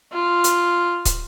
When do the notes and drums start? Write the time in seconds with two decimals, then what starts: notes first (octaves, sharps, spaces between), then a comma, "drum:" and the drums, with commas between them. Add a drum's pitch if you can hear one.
0.13 F4
0.44 drum: hi-hat
1.05 drum: kick, hi-hat